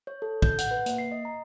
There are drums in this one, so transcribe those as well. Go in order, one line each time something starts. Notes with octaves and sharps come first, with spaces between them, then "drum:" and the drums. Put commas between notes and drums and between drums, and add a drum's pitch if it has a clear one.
C#5
A4
G6, drum: kick
F#5, drum: hi-hat
B4
A#3, drum: hi-hat
C7
D#5
A#5